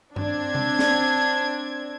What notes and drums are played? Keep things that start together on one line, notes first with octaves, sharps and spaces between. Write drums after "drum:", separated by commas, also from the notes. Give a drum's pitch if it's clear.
C4 D4 G#6, drum: tom G2
drum: tom C3
drum: snare